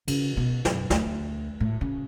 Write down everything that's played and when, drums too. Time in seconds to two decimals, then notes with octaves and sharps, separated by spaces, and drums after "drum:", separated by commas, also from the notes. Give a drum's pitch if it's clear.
0.08 C#3, drum: cymbal
0.37 B2
0.65 F#2, drum: snare
0.90 D2, drum: snare
1.60 A2
1.81 C#3